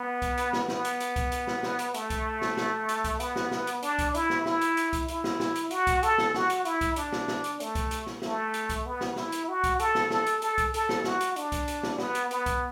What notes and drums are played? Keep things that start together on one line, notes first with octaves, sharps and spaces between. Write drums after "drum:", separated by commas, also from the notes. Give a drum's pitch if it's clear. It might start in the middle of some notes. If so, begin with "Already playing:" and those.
Already playing: B3
drum: kick C2, hi-hat
drum: hi-hat
drum: snare
B3, drum: snare
drum: hi-hat
drum: hi-hat
drum: kick C2, hi-hat
drum: hi-hat
drum: snare
drum: snare
drum: hi-hat
A3, drum: hi-hat
drum: kick C2, hi-hat
drum: snare
drum: snare
drum: hi-hat
drum: kick C2, hi-hat
B3, drum: hi-hat
drum: snare
drum: snare
drum: hi-hat
D4, drum: hi-hat
drum: kick C2, hi-hat
E4, drum: hi-hat
drum: snare
E4, drum: snare
drum: hi-hat
drum: hi-hat
drum: kick C2, hi-hat
E4, drum: hi-hat
drum: snare
drum: snare
drum: hi-hat
F#4, drum: hi-hat
drum: kick C2, hi-hat
A4, drum: hi-hat
drum: snare
F#4, drum: snare
drum: hi-hat
E4, drum: hi-hat
drum: kick C2, hi-hat
D4, drum: hi-hat
drum: snare
drum: snare
drum: hi-hat
A3, drum: hi-hat
drum: kick C2, hi-hat
drum: hi-hat
drum: snare
A3, drum: snare
drum: hi-hat
drum: kick C2, hi-hat
B3
drum: snare
E4, drum: snare
drum: hi-hat
F#4
drum: kick C2, hi-hat
A4, drum: hi-hat
drum: snare
A4, drum: snare
drum: hi-hat
A4, drum: hi-hat
drum: kick C2, hi-hat
A4, drum: hi-hat
drum: snare
F#4, drum: snare
drum: hi-hat
D4, drum: hi-hat
drum: kick C2, hi-hat
drum: hi-hat
drum: snare
B3, drum: snare
drum: hi-hat
B3, drum: hi-hat
drum: kick C2, hi-hat